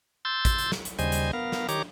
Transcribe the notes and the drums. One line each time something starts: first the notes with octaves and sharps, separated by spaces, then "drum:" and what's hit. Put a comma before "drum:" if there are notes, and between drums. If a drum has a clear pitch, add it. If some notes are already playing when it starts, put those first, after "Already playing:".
C6 E6 G6 A6
drum: kick, hi-hat
drum: hi-hat
drum: snare
drum: hi-hat
D#2 C#3 G3 C5 D#5 G#5, drum: hi-hat
drum: hi-hat
B3 A#4 F5
drum: snare
D#3 G4 C#5 A#5 D6, drum: hi-hat